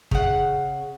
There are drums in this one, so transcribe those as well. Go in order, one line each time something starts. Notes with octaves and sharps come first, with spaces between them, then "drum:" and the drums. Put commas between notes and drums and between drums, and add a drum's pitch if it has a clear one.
C#3 F#5, drum: kick